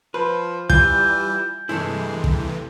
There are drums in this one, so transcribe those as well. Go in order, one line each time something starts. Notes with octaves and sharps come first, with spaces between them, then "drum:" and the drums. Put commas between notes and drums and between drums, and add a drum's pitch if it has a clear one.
F3 B4
E3 G3 F4 G6, drum: kick
G2 C3 E3 G#3 A3 E4
drum: kick